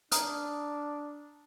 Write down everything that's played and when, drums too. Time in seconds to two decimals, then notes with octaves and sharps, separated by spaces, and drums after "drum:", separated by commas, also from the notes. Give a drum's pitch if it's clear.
0.11 D4 A#5 D#6 F6, drum: hi-hat